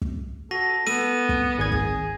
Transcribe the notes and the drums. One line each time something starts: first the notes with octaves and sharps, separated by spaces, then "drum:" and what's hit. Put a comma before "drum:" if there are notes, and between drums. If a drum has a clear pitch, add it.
drum: kick
F#4 A4 A#6
B3 A4 D#7, drum: snare
drum: kick
G#1 G#4 G#6
drum: kick